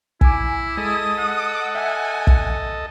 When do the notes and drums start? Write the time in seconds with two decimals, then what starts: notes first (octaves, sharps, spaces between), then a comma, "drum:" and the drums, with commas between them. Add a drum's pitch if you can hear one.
0.21 E4 G#5 D6, drum: kick
0.77 G#3 A4 D#5 D#6
1.18 F#5
1.75 E5 G#5
2.27 drum: kick